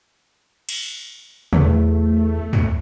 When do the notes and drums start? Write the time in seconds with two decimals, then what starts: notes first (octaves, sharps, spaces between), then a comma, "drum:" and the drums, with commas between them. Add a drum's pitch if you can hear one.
0.69 drum: cymbal
1.53 E2 A3, drum: tom
2.53 drum: tom